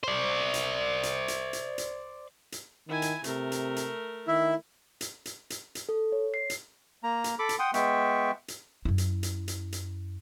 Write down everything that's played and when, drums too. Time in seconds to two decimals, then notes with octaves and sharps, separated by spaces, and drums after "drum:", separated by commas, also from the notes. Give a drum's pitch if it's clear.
0.04 C5 D5
0.54 drum: hi-hat
1.03 drum: hi-hat
1.28 drum: hi-hat
1.53 drum: hi-hat
1.78 drum: hi-hat
2.52 drum: hi-hat
2.89 D#3 E4 G#5
3.02 drum: hi-hat
3.24 C3 A3 A#4, drum: hi-hat
3.52 drum: hi-hat
3.76 drum: hi-hat
4.28 D#3 E4 E5
5.01 drum: hi-hat
5.25 drum: hi-hat
5.50 drum: hi-hat
5.75 drum: hi-hat
5.89 A4
6.12 C#5
6.34 C7
6.50 drum: hi-hat
7.03 A#3 A#5
7.24 drum: hi-hat
7.39 A4 B5 D6
7.49 drum: hi-hat
7.59 F#5 G5 C6 D#6
7.74 G#3 B3 E5 G5 C#6, drum: hi-hat
8.48 drum: hi-hat
8.85 F#2 E4
8.98 drum: hi-hat
9.23 drum: hi-hat
9.48 drum: hi-hat
9.72 drum: hi-hat